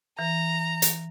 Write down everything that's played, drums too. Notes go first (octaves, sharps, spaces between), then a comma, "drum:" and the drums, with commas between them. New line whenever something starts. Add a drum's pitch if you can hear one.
E3 A#5
drum: hi-hat